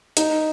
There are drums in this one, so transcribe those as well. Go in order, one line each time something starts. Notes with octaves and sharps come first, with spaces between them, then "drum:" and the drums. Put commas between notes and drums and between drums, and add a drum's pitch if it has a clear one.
D#4, drum: hi-hat